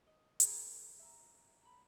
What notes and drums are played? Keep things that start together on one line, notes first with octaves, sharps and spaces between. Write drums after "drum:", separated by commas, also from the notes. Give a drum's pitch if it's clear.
D#5
G#4 A#4, drum: hi-hat
E5 A#5
A#5 B5